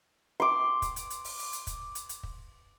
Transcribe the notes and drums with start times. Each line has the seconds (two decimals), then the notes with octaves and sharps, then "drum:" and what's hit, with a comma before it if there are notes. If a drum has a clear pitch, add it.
0.40 C6 D6
0.82 drum: kick, hi-hat
0.96 drum: hi-hat
1.10 drum: hi-hat
1.24 drum: open hi-hat
1.39 drum: open hi-hat
1.53 drum: hi-hat
1.67 drum: kick, hi-hat
1.95 drum: hi-hat
2.09 drum: hi-hat
2.23 drum: kick